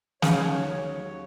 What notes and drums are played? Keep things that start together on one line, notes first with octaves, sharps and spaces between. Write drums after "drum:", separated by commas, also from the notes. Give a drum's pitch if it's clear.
D#2 C#3 F#3 C#5, drum: snare